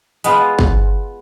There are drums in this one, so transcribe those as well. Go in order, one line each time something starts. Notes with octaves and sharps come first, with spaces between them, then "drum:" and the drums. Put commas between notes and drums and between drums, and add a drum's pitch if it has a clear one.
G#3 B3 F4, drum: hi-hat
drum: kick G1